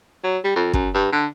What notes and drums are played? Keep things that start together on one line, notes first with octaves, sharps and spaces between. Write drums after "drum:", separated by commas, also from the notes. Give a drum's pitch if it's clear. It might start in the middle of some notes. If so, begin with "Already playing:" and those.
F#3
G3
F2
F#2, drum: kick
G2
D3